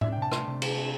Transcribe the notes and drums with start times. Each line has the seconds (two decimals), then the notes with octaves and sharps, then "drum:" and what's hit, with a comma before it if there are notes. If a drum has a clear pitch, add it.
0.01 D4 E5, drum: tom A2
0.12 G5
0.16 C3
0.22 A5
0.32 A3 C6, drum: rim click
0.47 C3
0.62 C4, drum: cymbal
0.77 C4